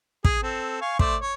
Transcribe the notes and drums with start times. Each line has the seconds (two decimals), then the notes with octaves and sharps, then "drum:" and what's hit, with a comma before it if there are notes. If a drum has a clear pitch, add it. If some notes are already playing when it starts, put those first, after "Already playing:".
0.25 G#4, drum: kick
0.43 C4 A4
0.81 F5 G#5 C#6
0.99 A3 C5 D5, drum: kick
1.22 C#5